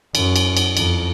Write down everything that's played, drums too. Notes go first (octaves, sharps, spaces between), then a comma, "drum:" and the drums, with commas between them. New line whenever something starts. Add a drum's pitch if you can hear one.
F#2, drum: cymbal
drum: cymbal
drum: cymbal
F2, drum: cymbal